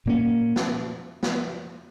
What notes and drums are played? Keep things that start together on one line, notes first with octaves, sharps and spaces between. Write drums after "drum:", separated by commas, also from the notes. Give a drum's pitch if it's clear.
A#2 A#3 C#4
drum: snare
drum: snare